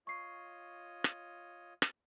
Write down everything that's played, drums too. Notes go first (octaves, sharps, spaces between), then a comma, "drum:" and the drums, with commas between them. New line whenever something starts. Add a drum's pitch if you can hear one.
F4 C#5 D#5 C#6 C7
drum: rim click
drum: rim click